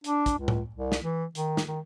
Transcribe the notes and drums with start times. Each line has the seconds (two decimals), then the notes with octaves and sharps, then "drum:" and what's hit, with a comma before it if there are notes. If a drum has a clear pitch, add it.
0.04 D4, drum: hi-hat
0.26 drum: kick, hi-hat
0.39 C#2
0.48 drum: tom A2
0.75 C2
0.92 drum: snare
1.03 E3
1.35 D#3, drum: hi-hat
1.57 drum: snare
1.67 D#3